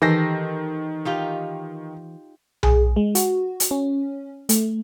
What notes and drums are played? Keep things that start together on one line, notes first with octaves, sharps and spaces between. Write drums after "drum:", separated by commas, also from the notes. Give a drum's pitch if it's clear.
D#3 E3 G4 A4 C5 A#6
D#4 F4 G4
G#4, drum: tom B1
G#3
F#4, drum: hi-hat
drum: hi-hat
C#4
A3, drum: hi-hat